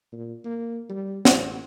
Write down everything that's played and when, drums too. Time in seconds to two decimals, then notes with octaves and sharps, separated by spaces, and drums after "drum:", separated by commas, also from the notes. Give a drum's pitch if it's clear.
0.12 A#2
0.45 A#3
0.89 G3
1.25 A1, drum: snare